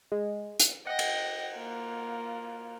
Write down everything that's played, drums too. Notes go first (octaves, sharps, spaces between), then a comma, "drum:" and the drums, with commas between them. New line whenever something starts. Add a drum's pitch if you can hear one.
G#3
drum: hi-hat
D#5 F#5 G5
drum: cymbal
A#3 F4